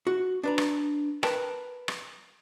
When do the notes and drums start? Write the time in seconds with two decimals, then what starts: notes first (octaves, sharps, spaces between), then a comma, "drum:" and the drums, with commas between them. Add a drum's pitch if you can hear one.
0.07 F#4
0.43 D4 B4 A#5
0.58 drum: rim click
1.23 A#4 B4 G5 A5 B5, drum: rim click
1.88 drum: rim click